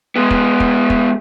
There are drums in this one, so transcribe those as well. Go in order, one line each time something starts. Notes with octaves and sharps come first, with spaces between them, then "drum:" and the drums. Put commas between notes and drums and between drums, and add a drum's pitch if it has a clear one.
G#3 B3
drum: kick
drum: kick
drum: kick